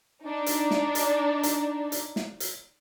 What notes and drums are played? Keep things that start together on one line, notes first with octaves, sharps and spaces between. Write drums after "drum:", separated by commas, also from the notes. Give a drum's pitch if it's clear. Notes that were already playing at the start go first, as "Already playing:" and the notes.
D4 D#4
drum: hi-hat
drum: snare
drum: hi-hat
drum: hi-hat
drum: hi-hat
drum: snare
drum: hi-hat